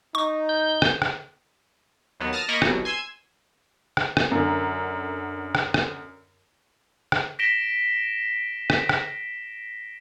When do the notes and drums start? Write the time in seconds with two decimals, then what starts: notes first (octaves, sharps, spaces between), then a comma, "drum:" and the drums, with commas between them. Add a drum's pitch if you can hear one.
0.15 D#4 C#6
0.49 G6
0.82 drum: rim click
1.02 drum: rim click
2.20 D#2 F#3 B3
2.33 A5 D#6 F6 A#6
2.49 A#3 A#4 D#5 B5 C#6 A#6
2.62 G1 C2 B2 F#3, drum: rim click
2.85 G#5 C6 E6 G#6
3.97 drum: rim click
4.17 drum: rim click
4.31 F#2 D3
5.55 drum: rim click
5.74 drum: rim click
7.12 drum: rim click
7.39 A#6 B6 D7 E7 G7
8.70 drum: rim click
8.89 drum: rim click